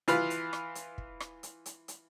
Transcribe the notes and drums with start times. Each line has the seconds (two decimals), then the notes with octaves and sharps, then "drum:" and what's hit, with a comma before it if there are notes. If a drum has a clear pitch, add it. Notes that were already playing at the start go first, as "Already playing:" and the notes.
0.08 E3 F4 B4, drum: hi-hat
0.30 drum: hi-hat
0.53 drum: rim click
0.75 drum: hi-hat
0.98 drum: kick
1.20 drum: rim click
1.43 drum: hi-hat
1.66 drum: hi-hat
1.88 drum: hi-hat